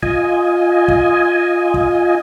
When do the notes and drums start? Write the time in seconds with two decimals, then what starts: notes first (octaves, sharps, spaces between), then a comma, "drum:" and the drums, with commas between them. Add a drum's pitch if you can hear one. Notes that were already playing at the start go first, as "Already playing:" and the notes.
0.03 F4 D#5 G#5, drum: kick
0.88 drum: kick
1.74 drum: kick